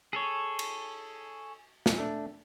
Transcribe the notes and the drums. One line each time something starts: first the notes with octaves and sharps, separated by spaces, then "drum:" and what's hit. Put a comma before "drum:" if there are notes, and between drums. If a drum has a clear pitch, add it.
G#4 A4 C#5
drum: cymbal
drum: snare
A3 D4